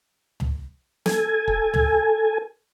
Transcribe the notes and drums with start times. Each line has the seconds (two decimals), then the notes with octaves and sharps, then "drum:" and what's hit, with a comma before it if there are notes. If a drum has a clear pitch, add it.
0.40 drum: tom C#2
1.06 A4 G#5, drum: snare
1.48 drum: kick
1.74 drum: tom C#2